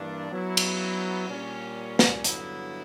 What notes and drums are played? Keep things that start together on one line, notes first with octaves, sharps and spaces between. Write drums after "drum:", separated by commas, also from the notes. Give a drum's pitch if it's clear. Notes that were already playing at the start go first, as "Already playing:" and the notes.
Already playing: G2 E3 A#3 D4
F#3 B3 E4
drum: cymbal
A#2 G3 C#4
drum: snare
G2 D3 F#3 B3 E4, drum: hi-hat